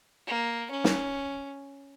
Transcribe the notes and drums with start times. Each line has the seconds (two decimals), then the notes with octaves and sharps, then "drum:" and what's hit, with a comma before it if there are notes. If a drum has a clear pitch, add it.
0.27 A#3
0.71 C#4
0.84 drum: snare